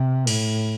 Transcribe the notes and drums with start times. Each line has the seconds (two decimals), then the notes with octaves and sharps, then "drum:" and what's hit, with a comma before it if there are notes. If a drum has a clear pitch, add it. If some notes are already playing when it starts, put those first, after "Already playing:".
Already playing: C3
0.27 A2, drum: cymbal